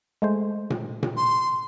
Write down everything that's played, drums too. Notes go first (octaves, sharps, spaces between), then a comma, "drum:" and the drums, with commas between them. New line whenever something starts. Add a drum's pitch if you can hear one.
G#3 A3 C5
drum: tom A#2
drum: tom A#2
C6